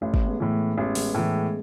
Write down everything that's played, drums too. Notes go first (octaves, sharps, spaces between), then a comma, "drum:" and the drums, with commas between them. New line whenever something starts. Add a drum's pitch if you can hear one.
A1 A3
drum: kick
G#3 B3
A2 E3
A3
A1 G#3 B3
G#3 B3, drum: open hi-hat
A2 E3 A3
G#3